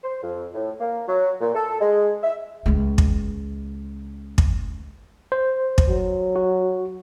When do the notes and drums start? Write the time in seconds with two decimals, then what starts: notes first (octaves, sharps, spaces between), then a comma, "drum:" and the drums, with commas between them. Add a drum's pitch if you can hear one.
0.04 C5
0.23 F2
0.53 A2
0.80 A#3
1.08 F#3
1.41 A#2
1.54 A4
1.81 G#3
2.23 E5
2.66 C#2 G#3
2.98 drum: kick
4.38 drum: kick
5.32 C5
5.78 drum: kick
5.89 F#3
6.36 F#4